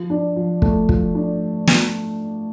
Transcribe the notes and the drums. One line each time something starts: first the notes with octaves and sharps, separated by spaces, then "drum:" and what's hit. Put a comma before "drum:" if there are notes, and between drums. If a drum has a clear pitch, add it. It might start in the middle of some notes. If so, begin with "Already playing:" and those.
Already playing: F3
D4
F3
A3, drum: kick
F3, drum: kick
D4
drum: snare